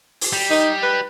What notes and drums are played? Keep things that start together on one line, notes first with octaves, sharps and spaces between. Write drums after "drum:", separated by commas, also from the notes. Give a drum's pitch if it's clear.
drum: open hi-hat
G3
D#4
B4